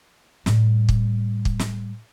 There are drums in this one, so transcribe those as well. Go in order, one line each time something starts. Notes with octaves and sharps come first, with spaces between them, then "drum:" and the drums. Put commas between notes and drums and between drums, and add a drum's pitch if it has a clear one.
A2 G3, drum: snare
drum: kick
drum: kick
drum: snare